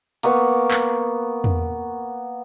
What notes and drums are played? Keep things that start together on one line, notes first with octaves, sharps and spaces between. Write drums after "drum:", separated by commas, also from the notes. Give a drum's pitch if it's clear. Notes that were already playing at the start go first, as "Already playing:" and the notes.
A#3 B3 C#6, drum: hi-hat
drum: clap
drum: tom E2